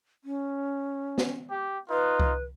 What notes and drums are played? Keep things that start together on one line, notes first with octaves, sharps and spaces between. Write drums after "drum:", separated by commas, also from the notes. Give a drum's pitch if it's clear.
C#4
drum: snare
G4
D#4 F4 B4
drum: kick C2